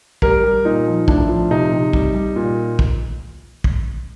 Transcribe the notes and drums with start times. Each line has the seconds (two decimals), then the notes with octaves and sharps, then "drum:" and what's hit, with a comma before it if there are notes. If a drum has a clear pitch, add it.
0.22 G3 A#4, drum: kick
0.44 G3
0.65 A#2 D#4
0.86 F3
1.08 A2 D4, drum: kick
1.29 F3
1.51 C3 D#4
1.72 C3
1.93 G3, drum: kick
2.14 G3
2.36 A#2
2.79 drum: kick
3.64 drum: kick